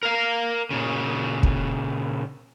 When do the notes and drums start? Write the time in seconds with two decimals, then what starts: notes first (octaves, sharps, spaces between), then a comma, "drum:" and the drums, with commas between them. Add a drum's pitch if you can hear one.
0.03 A#4 F5
0.71 A#2 C#3
1.43 drum: kick